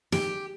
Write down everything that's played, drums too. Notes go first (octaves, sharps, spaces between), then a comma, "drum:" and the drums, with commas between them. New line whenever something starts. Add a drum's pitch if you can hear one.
G4, drum: snare